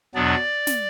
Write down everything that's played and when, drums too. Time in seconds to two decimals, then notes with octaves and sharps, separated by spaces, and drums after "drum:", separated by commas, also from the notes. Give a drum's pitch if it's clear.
0.14 E2 B2 F#3 B3 D4 D5
0.67 drum: snare